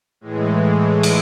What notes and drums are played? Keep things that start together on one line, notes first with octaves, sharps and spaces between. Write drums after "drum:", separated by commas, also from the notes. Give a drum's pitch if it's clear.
A2 E3 G#3
drum: cymbal